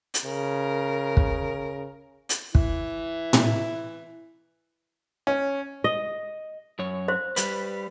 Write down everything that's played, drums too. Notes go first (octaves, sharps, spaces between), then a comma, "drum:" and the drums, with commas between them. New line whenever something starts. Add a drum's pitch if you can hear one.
drum: hi-hat
C#3 A#4
drum: kick
drum: hi-hat
E3 E4, drum: kick
drum: tom A2
C#4
D#5
F#2 C#5
C5
G3 B4, drum: hi-hat